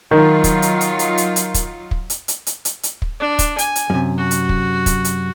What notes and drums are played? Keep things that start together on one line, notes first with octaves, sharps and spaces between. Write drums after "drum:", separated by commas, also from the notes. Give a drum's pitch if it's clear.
D#3 F#3 D#4 F4
drum: kick, hi-hat
drum: hi-hat
drum: hi-hat
drum: hi-hat
drum: hi-hat
drum: hi-hat
drum: kick, hi-hat
drum: kick
drum: hi-hat
drum: hi-hat
drum: hi-hat
drum: hi-hat
drum: hi-hat
drum: kick
D4
drum: kick, hi-hat
G#5, drum: hi-hat
drum: hi-hat
F#2 C3
F#4
drum: hi-hat
drum: kick
drum: kick, hi-hat
drum: hi-hat